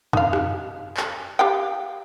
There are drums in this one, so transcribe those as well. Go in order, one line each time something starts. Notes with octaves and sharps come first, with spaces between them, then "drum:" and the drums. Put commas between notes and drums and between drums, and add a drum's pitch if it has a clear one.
D#4 F5, drum: tom F2
drum: rim click
drum: clap
G4 F5 G5